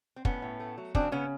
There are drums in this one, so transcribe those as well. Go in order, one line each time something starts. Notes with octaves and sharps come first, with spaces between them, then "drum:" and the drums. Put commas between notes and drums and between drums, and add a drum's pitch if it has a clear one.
C4
A2 B3 C#4, drum: kick
A2
A3
F#3
C#3 C4 D4, drum: kick
C#3 B3 C#4